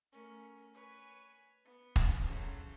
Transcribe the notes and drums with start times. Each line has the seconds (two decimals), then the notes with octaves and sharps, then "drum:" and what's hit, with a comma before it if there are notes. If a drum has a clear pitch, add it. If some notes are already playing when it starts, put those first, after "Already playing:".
0.13 A3 C#4 A#4
0.74 B4 C#5 G#5
1.65 B3
1.96 drum: kick
2.24 C#3 E3 F#3 A3 C5